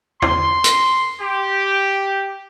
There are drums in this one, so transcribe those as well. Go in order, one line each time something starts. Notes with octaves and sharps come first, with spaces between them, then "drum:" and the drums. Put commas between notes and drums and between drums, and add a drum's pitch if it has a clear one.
C6, drum: tom E2
drum: hi-hat
G4